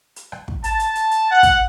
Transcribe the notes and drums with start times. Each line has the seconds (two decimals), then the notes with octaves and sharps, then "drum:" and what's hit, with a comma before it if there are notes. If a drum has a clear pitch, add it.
0.16 drum: hi-hat
0.32 drum: rim click
0.48 drum: kick
0.64 A5, drum: hi-hat
0.80 drum: hi-hat
0.95 drum: hi-hat
1.11 drum: hi-hat
1.30 F#5
1.43 drum: kick, hi-hat